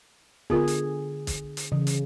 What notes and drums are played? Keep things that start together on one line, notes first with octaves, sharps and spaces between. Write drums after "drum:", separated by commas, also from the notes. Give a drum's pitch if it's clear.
D3 B3 F4 G#4 A#4, drum: kick
drum: hi-hat
drum: kick, hi-hat
drum: hi-hat
C#3 E3
drum: hi-hat